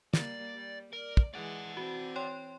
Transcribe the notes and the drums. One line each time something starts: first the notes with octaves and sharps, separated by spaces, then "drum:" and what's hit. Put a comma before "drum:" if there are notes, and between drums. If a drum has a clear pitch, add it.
G3 A#3 D5, drum: snare
G3
A#4 D5
drum: kick
E3 G#3 D5 F#5
C4 F#4
C#5 G5 C6